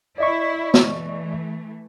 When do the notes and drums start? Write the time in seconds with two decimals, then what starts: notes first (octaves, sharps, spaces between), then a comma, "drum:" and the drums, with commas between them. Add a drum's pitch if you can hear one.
0.18 E4 D5 D#5 C#6
0.74 drum: snare
0.83 E3 A3